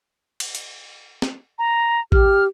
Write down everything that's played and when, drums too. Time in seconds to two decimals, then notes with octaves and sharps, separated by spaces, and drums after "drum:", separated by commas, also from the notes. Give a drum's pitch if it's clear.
0.40 drum: cymbal
0.55 drum: hi-hat
1.22 drum: snare
1.58 A#5
2.12 G4 F6, drum: kick A1